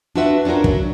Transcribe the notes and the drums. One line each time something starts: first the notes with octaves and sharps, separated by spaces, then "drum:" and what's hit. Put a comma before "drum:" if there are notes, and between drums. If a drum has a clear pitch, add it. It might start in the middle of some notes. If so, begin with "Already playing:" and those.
D4 F4 F#4 B4 E5
C#4 D4 F4 F#4 A#4
F#3, drum: kick